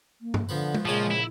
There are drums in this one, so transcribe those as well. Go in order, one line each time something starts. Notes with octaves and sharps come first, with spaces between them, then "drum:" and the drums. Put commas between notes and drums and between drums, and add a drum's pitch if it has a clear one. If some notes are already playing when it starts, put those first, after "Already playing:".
A#3
drum: tom G2
D3 F3 B3 B4
drum: tom G#3
A#1 C#3 F3 G#3 G#5
E4